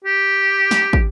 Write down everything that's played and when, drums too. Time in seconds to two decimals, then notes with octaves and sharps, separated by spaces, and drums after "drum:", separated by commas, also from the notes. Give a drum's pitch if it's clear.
0.05 G4
0.71 drum: snare
0.93 drum: kick